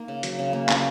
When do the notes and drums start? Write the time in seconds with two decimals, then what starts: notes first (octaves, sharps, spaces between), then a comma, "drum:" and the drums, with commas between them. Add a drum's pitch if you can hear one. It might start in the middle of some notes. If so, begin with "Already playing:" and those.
Already playing: A#3 D#4
0.08 C#3
0.23 F#3, drum: hi-hat
0.39 C#3
0.53 A#3
0.69 C#3 C#4 F#4, drum: clap